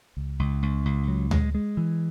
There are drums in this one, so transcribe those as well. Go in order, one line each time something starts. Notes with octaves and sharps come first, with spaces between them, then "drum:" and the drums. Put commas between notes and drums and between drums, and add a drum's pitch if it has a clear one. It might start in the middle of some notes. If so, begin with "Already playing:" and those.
C#2
C#2
C#2
C#2
F#3
G#3, drum: tom D2
G#3
E3